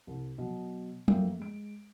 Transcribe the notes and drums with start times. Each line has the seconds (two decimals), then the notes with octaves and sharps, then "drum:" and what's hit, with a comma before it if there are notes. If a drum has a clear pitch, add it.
0.07 C2
0.38 B2 F#3
1.08 F#2 F3 A3 A#3 E5 G5, drum: tom F#3
1.39 G#3 D7